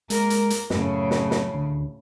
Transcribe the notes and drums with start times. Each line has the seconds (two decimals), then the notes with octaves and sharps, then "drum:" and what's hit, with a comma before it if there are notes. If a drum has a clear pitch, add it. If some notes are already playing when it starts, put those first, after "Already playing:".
0.10 G#3 A#3 A#4, drum: hi-hat
0.30 drum: hi-hat
0.50 drum: hi-hat
0.70 F#2 A2 C#3, drum: snare
1.11 drum: snare
1.31 drum: snare
1.54 D2